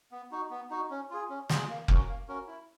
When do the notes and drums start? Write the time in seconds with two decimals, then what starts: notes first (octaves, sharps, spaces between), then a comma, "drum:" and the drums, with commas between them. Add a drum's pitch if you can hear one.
0.12 B3
0.31 D#4 F#4
0.50 B3
0.70 D#4 F#4
0.90 C#4
1.10 F4 G#4
1.29 C#4
1.49 F4 G#4, drum: snare
1.69 A#3
1.88 C#4 F#4 A#4, drum: kick F1
2.08 A#3
2.28 C#4 F#4 A#4
2.47 E4